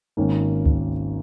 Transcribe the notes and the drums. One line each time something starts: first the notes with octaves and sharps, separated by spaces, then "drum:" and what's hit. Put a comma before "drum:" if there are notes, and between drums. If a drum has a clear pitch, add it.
G#1 G#2 D#3 A#3 C#4
drum: kick C#2